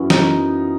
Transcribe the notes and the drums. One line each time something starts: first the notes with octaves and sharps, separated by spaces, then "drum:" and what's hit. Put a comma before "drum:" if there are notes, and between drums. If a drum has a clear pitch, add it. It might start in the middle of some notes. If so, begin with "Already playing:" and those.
Already playing: F#2 E3 B3
D#4, drum: snare